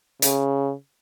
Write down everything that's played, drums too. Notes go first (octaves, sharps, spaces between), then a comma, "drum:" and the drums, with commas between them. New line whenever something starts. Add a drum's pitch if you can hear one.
C#3, drum: hi-hat